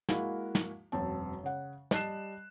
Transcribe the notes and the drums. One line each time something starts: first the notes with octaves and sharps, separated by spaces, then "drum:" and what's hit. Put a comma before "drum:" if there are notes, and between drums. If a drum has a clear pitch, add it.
G#3 A#3 E4 F#4 F5, drum: snare
drum: snare
E1 F#2 C4 A5
C#3 F#5
G3 D#5 A5 F#6 C7 E7, drum: snare